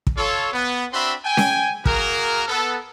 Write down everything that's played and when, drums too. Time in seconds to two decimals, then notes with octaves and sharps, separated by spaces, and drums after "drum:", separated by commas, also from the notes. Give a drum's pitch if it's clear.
0.07 drum: kick
0.18 F4 A4 C#5
0.52 B3
0.93 C4 D4 F#4 E5 B5 C6
1.25 G5 G#5
1.37 drum: snare C#4
1.86 A#3 F#4 G#4 A#4, drum: kick
2.48 B3 A4